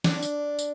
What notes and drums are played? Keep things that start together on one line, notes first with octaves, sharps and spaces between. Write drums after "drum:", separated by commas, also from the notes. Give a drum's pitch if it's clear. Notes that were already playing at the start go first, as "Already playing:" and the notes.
D4, drum: snare
drum: tambourine
drum: tambourine